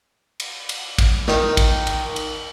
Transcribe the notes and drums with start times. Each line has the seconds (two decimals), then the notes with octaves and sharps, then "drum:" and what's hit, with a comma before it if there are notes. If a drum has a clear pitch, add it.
0.40 drum: cymbal
0.69 drum: cymbal
0.98 drum: kick, cymbal
1.28 D#3, drum: snare
1.57 drum: kick, cymbal
1.87 drum: cymbal
2.16 drum: cymbal